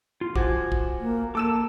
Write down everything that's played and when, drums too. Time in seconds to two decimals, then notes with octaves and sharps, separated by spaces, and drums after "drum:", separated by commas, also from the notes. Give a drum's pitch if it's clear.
0.21 F4
0.36 F3 F#4 G#5 D6, drum: kick
0.72 drum: kick
1.01 A#3
1.35 A#3 A4 D6 E6 E7